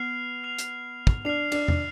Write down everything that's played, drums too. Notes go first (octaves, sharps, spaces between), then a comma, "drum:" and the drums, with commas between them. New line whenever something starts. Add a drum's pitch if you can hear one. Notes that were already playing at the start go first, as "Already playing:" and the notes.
Already playing: B3 F6 C7 F7
F6 C7 F7
drum: hi-hat
drum: kick
D4 F6 C7 F7
D4, drum: cymbal
drum: tom